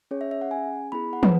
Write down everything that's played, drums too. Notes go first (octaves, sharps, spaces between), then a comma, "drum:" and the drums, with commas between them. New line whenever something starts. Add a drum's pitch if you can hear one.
C#4 G#4 C#5
E5
E5
F#5
G#5
B3 E4 G#4 B5
F#5
B4, drum: tom